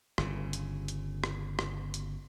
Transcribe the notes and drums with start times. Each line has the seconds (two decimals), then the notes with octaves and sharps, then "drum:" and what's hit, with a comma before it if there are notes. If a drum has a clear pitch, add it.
0.18 G1 C#3, drum: rim click
0.53 drum: hi-hat
0.88 drum: hi-hat
1.24 drum: rim click
1.59 drum: rim click
1.94 drum: hi-hat